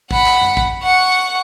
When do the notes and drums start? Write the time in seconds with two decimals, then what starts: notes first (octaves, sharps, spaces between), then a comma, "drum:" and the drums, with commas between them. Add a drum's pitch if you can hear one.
0.11 F#5 B5, drum: kick
0.26 drum: clap
0.41 drum: tom F#2
0.57 drum: kick
0.83 F#5 C#6